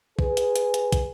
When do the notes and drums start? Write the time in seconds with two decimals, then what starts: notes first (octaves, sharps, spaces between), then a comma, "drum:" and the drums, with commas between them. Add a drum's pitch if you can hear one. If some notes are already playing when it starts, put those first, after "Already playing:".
0.19 G#4 B4, drum: kick
0.37 drum: hi-hat
0.56 drum: hi-hat
0.74 drum: hi-hat
0.92 drum: kick, hi-hat